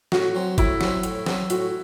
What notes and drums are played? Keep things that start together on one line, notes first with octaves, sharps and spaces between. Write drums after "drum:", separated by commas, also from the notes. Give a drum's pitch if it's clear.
A2 F#4, drum: snare
F#3 C4
A2 E4, drum: kick G1, hi-hat
F#3 C4, drum: snare
A2, drum: hi-hat
F#3 C4, drum: snare
A2 F#4, drum: hi-hat